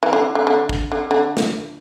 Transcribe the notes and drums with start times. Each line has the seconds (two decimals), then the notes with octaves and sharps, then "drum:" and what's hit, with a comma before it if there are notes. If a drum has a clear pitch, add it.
0.03 E3
0.13 D3
0.35 D3
0.47 D3
0.69 drum: kick
0.92 D3
1.11 D3
1.37 drum: snare